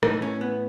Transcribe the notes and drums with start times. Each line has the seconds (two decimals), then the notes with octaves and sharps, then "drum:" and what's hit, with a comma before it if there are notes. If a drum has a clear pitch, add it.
0.03 A2 E3 D#4, drum: rim click
0.22 C#4
0.41 B3